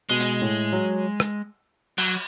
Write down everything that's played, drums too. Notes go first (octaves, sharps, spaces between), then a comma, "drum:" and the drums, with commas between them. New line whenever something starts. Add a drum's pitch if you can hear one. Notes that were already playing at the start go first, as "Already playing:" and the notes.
B2 G#3
drum: hi-hat
A2
F#3
drum: rim click
F#3, drum: cymbal